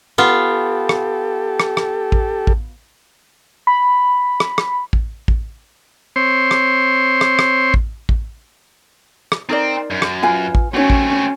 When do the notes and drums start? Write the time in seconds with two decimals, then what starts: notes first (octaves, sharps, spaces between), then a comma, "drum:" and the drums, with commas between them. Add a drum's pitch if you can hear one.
0.18 B3 F4 G4 A4
0.89 drum: rim click
1.60 drum: rim click
1.77 drum: rim click
2.12 drum: kick A1
2.47 drum: kick A1
3.67 B5
4.40 drum: rim click
4.58 drum: rim click
4.93 drum: kick A1
5.28 drum: kick A1
6.16 C4 C5 C#5 C6
6.51 drum: rim click
7.21 drum: rim click
7.39 drum: rim click
7.74 drum: kick A1
8.09 drum: kick A1
9.32 drum: rim click
9.49 C4 D#4 A#4 D5
9.91 F#2
10.02 drum: rim click
10.23 F4 B4 G#5
10.55 drum: kick A1
10.74 A3 C4 C#4 F#4 C#5
10.90 drum: kick A1